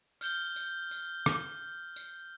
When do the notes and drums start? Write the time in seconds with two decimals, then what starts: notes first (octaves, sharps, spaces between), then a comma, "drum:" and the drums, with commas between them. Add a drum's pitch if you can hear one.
0.21 F6 G6 G7, drum: tambourine
0.56 drum: tambourine
0.91 drum: tambourine
1.26 drum: rim click
1.96 drum: tambourine